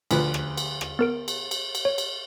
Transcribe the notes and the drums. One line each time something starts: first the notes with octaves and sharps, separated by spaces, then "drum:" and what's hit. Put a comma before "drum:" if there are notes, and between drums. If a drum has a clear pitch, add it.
D2 F3 B4, drum: cymbal
drum: rim click
drum: cymbal
drum: rim click
B3 A#4 D7
drum: cymbal
drum: cymbal
drum: cymbal
C#5
drum: cymbal